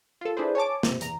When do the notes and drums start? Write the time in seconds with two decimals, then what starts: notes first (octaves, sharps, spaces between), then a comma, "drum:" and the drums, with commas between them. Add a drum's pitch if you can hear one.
0.21 F4 A4
0.37 D4 E4 G#4 B4 C5
0.55 C#5 G#5 A5 D6
0.83 C3, drum: snare
1.01 E2 A#5, drum: hi-hat